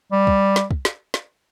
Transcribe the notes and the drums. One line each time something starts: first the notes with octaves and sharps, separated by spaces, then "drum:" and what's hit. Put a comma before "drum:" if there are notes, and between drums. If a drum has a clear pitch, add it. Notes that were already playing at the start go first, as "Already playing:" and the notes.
G3
drum: kick
drum: snare
drum: kick
drum: snare
drum: snare